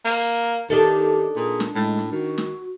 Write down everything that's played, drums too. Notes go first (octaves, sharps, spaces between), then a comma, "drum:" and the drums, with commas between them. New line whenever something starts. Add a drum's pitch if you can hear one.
A#3, drum: open hi-hat
drum: hi-hat
D#3 D4 D#4 G4 A4
drum: hi-hat
A#2 G#4
drum: snare
A2 G#3
drum: hi-hat
D#3 F#4
drum: snare